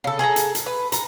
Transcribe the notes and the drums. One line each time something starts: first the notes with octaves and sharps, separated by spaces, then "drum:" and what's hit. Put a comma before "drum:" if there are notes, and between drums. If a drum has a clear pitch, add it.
C#3 A4
G#4 A4 G5 A#5
drum: hi-hat
drum: hi-hat
B4
A#5, drum: hi-hat